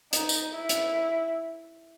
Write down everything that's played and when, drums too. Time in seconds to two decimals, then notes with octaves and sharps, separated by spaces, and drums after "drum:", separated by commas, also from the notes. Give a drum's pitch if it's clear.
0.13 D#4, drum: hi-hat
0.29 drum: tambourine
0.55 E4
0.69 drum: hi-hat